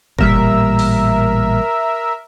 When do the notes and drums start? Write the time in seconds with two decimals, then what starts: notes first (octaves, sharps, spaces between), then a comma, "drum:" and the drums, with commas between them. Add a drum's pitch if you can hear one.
0.19 A1 A#2 G3 A#4 E5, drum: kick
0.79 drum: open hi-hat